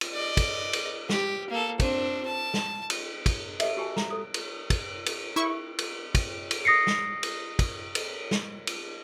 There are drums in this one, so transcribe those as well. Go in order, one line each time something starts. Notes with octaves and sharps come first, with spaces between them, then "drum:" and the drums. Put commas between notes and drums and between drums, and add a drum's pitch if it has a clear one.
drum: cymbal
D5 D#5
drum: kick, cymbal
drum: cymbal
G4, drum: snare
A#3 A4
C4 D4, drum: kick, cymbal
A5
drum: snare
drum: cymbal
drum: kick, cymbal
G4 A4 D#5 E5, drum: cymbal
F#4 G4 G#5 A5
A#5, drum: snare
A4 D#6
drum: cymbal
drum: kick, cymbal
drum: cymbal
E4 C#6
drum: cymbal
drum: kick, cymbal
drum: cymbal
D#6 A#6 C7 C#7
drum: snare
drum: cymbal
drum: kick, cymbal
drum: cymbal
drum: snare
drum: cymbal